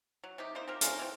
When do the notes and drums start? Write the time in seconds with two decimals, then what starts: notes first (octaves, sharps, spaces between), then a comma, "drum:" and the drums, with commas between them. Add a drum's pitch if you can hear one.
0.24 F#3
0.38 C3 D#4 G4
0.55 A#3 D#4 E4 C5
0.68 C4 F4 G4 A#4
0.81 F3 C#4 F4 A#4, drum: hi-hat
0.99 E3 C4